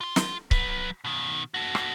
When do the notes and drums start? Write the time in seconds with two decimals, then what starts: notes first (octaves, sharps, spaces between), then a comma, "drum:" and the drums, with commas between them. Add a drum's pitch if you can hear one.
0.01 F4 C6
0.16 drum: snare
0.51 F#3 B4, drum: kick C#1
1.04 B2 D#3
1.54 F#4 A4
1.75 drum: rim click